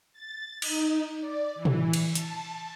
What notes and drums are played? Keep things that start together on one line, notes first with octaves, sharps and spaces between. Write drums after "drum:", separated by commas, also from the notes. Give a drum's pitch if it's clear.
A6
D#4, drum: cymbal
D5
E3
drum: tom
drum: cymbal
A5, drum: hi-hat